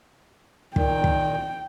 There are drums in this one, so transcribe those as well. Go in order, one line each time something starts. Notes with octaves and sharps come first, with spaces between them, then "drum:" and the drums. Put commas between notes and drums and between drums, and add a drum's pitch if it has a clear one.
A#2 D#3 G5, drum: kick
drum: kick